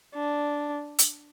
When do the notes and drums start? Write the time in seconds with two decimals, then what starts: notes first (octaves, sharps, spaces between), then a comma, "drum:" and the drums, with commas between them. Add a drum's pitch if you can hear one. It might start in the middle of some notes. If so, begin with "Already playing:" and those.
0.15 D4
0.99 drum: hi-hat